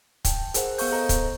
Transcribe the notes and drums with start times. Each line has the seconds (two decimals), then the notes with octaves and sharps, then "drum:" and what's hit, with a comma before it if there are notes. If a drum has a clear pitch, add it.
0.25 G5 A5, drum: kick C#1, hi-hat
0.54 G#4 A#4 C5 F#5, drum: hi-hat
0.78 B3 F5 C#6 G6, drum: open hi-hat
0.92 A4 C5 D#5 A#5
1.09 drum: kick C#1, hi-hat